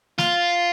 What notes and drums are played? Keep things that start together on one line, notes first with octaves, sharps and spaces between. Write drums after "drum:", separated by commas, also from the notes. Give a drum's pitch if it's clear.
F4, drum: snare